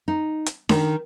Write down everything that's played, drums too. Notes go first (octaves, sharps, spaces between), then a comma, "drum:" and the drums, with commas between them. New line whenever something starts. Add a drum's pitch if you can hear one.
D#4
drum: hi-hat
D#3, drum: snare D4